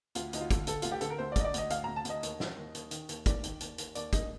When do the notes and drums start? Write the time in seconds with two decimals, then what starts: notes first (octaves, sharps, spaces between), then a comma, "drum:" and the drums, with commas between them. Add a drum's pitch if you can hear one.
0.15 D2 F4, drum: hi-hat
0.33 D2 D#4, drum: hi-hat
0.41 F4
0.51 D3, drum: kick, hi-hat
0.67 D3 A4, drum: hi-hat
0.82 D2 F4, drum: hi-hat
0.92 G4
1.01 D3 A4, drum: hi-hat
1.10 A#4
1.18 D2 C5
1.32 D5
1.36 D3 D#5, drum: kick, hi-hat
1.44 D5
1.54 D2 D#5, drum: hi-hat
1.70 D2 F5, drum: hi-hat
1.84 D2 A#5
1.96 A5
2.05 D2 D#5, drum: hi-hat
2.23 D#2, drum: hi-hat
2.40 D#3, drum: snare
2.57 D#2
2.75 D#2, drum: hi-hat
2.91 D#3, drum: hi-hat
3.09 D#2, drum: hi-hat
3.26 D#2 D5, drum: kick, hi-hat
3.44 D#3, drum: hi-hat
3.61 D#2, drum: hi-hat
3.78 D#2, drum: hi-hat
3.95 D#2 D5, drum: hi-hat
4.13 D#2 D#5, drum: kick, hi-hat